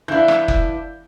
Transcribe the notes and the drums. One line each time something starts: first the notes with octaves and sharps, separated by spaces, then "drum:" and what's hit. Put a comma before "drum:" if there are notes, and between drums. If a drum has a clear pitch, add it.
E3 D4 E4 F5 G6
drum: rim click
drum: kick F#1